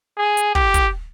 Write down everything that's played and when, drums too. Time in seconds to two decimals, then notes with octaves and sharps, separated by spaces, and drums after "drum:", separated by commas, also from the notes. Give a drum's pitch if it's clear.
0.18 G#4
0.37 drum: hi-hat
0.55 G4, drum: kick
0.74 drum: kick, hi-hat